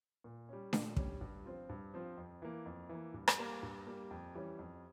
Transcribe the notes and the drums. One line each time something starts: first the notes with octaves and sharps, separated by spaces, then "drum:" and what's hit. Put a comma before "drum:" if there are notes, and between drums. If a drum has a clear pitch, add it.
A#2
G3 C#4
A#2, drum: snare D4
G3 C#4, drum: kick
G2
F3 C4 F4
G2
F3 C4 F4
F2
E3 A#3
F2
E3 A#3
G2
drum: rim click
G3 A#3
G2
G3 A#3
F2
E3 G3 C#4
F2